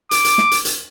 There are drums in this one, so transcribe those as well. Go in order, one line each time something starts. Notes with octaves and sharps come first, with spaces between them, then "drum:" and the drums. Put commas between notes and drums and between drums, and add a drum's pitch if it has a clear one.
D6, drum: hi-hat
drum: hi-hat
drum: snare
drum: hi-hat
drum: hi-hat